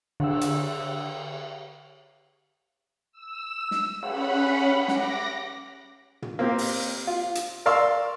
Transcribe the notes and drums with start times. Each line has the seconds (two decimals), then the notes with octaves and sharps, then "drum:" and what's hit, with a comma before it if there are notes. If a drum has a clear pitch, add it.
0.20 D3 E6, drum: cymbal
0.41 drum: hi-hat
3.12 E6
3.71 drum: snare
4.03 C#4 F#5 B5, drum: cymbal
4.88 D6 A#6, drum: snare
6.22 drum: tom
6.39 A#3 C4 G4
6.58 drum: open hi-hat
7.07 F4
7.35 drum: hi-hat
7.66 A#4 D5 F5 C6 C#6 E6